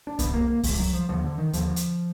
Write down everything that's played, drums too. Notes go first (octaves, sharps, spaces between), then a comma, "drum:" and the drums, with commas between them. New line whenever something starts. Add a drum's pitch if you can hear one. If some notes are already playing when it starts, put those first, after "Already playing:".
D4
F2 D3 B3, drum: kick C2, hi-hat
A#3
A#3
F2 D3 G#3, drum: kick C2, open hi-hat
F#3
F3
D#2 D3 F3
D3
D#3
D#2 D3 F3, drum: hi-hat
drum: hi-hat